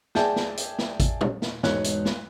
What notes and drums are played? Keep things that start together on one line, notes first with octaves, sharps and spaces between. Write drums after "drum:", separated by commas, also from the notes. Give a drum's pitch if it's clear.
G#4 D5 E5 G5 A5 G6, drum: snare
drum: snare
drum: hi-hat
drum: snare
drum: kick A1, hi-hat
drum: tom
drum: snare
E1 G#2 D#4 C#5 F#6, drum: snare
drum: hi-hat
drum: snare